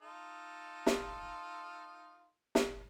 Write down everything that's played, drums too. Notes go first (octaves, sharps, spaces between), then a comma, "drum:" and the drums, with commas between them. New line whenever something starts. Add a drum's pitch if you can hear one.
D#4 F4 A4
drum: snare
drum: snare